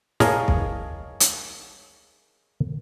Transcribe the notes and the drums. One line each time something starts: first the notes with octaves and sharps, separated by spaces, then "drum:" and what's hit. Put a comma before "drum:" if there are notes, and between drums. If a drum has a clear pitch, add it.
G#4 A#4 C#5 D#5 F5 A5, drum: snare
drum: kick
drum: hi-hat